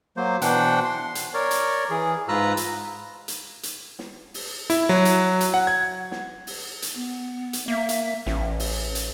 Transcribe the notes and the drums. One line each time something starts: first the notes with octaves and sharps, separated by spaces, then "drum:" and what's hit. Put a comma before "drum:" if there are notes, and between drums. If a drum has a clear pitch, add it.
F#3 A#3 C5
B2 E3 D4 C5 F#5 G5, drum: hi-hat
C6
drum: hi-hat
A#4 C#5 D5
drum: hi-hat
E3 G#4
G#2 F4 B4 A#5 E6 F#6
drum: hi-hat
drum: hi-hat
drum: hi-hat
drum: snare
drum: open hi-hat
E4, drum: hi-hat
F#3
drum: hi-hat
drum: hi-hat
F#5
G#6
drum: snare
drum: open hi-hat
drum: hi-hat
B3
drum: hi-hat
A#3 E5
drum: hi-hat
A1 C#4, drum: snare
drum: open hi-hat
drum: hi-hat